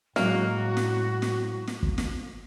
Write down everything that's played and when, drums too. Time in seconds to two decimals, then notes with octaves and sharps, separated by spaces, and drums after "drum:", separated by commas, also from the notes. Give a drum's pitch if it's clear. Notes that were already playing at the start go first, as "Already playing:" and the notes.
0.16 A2 F#3 G#3 A#3 C#4 F#4, drum: snare
0.77 drum: snare
1.22 drum: snare
1.67 drum: snare
1.83 drum: kick G1
1.98 drum: snare